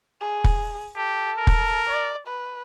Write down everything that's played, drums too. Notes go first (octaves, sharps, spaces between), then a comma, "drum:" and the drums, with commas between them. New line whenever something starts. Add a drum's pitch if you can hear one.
G#4
drum: kick
G4 A4
A#4
drum: kick
D5
B4